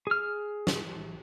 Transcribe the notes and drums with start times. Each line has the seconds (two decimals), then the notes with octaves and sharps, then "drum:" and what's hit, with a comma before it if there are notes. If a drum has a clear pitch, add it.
0.07 G#4 F6
0.67 drum: snare